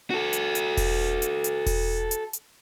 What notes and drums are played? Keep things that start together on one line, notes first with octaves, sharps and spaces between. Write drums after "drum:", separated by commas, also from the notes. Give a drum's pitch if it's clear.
F#4 A4
drum: hi-hat
drum: hi-hat
drum: kick E1, open hi-hat
drum: hi-hat
drum: hi-hat
drum: kick E1, open hi-hat
drum: hi-hat
drum: hi-hat